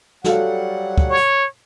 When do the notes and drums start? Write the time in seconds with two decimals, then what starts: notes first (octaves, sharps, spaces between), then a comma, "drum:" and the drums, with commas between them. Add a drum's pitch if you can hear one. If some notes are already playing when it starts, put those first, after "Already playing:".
0.24 F#3 G3 F#4 A4 F5 F#5, drum: snare
0.98 drum: kick
1.10 C#5